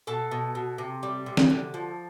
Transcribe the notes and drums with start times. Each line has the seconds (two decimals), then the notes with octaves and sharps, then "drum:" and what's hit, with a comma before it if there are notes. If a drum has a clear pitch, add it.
0.07 B2 A4 A5
0.31 B2
0.55 B2
0.78 C3
1.03 G3
1.26 C3
1.37 drum: snare
1.50 D3
1.74 F3